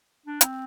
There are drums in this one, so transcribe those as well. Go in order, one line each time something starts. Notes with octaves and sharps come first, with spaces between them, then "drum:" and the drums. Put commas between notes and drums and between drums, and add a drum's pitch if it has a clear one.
D4
C4, drum: hi-hat